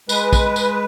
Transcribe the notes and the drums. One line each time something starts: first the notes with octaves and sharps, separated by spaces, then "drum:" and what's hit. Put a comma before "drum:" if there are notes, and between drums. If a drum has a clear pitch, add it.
G#3 B4, drum: tambourine
drum: kick, tambourine
drum: tambourine